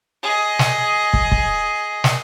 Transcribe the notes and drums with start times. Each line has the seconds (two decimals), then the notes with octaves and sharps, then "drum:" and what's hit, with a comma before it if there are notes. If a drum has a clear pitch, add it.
0.23 G#4 D#5
0.59 drum: snare
1.13 drum: kick
1.32 drum: kick
2.04 drum: snare